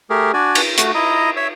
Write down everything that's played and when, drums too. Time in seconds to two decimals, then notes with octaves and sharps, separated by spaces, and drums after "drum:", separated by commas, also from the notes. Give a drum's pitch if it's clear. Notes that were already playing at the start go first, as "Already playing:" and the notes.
0.10 A3 G4 G#4 A#4
0.33 D4 F#4 D5 G#5
0.55 drum: cymbal
0.78 A3 F#4, drum: hi-hat
0.95 E4 D#5 A#5 D#6
1.36 C#5 E5 E6